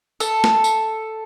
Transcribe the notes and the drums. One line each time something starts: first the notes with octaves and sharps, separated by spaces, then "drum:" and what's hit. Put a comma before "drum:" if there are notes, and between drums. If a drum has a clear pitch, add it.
A4, drum: tambourine
drum: snare
drum: tambourine